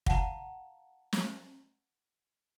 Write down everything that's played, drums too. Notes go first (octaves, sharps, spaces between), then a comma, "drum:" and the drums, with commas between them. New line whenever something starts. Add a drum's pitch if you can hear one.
F5 F#5 A5 A#5, drum: kick
drum: snare